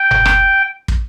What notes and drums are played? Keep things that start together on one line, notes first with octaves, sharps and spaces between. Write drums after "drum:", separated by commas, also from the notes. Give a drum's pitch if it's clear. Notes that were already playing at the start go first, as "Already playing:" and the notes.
Already playing: G5
drum: tom F#1
drum: rim click
drum: kick